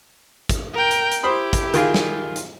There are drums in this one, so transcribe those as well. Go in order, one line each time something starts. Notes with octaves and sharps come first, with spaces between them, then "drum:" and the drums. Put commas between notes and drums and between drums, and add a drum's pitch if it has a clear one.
drum: kick, hi-hat
A#4 G5
drum: hi-hat
drum: hi-hat
E4 G4 C5 B5 D#6
drum: kick, hi-hat
D#3 F4 G#4, drum: hi-hat
drum: snare
drum: hi-hat